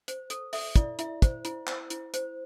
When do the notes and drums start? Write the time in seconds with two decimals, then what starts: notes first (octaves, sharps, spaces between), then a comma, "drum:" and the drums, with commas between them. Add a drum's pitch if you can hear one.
0.08 C5, drum: hi-hat
0.30 A4, drum: hi-hat
0.53 A4 E5, drum: open hi-hat
0.76 E4 D5, drum: kick, hi-hat
0.99 E4 E5, drum: hi-hat
1.22 C5, drum: kick, hi-hat
1.45 E4, drum: hi-hat
1.67 C5, drum: clap
1.90 E4, drum: hi-hat
2.14 C5, drum: hi-hat